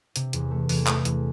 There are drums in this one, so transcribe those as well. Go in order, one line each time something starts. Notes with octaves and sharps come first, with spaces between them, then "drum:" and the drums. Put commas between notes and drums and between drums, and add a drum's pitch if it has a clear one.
C3, drum: hi-hat
E2, drum: hi-hat
A3
E2, drum: open hi-hat
A3, drum: clap
E2, drum: hi-hat